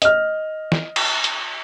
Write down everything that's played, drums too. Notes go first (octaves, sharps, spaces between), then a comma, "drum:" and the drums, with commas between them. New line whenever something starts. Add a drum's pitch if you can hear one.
D#5 F6, drum: hi-hat
drum: snare
drum: cymbal
drum: hi-hat